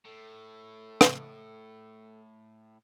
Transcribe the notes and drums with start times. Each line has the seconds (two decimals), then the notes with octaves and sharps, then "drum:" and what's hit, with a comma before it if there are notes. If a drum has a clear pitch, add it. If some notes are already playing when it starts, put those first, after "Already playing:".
0.05 A2 A4
1.01 drum: rim click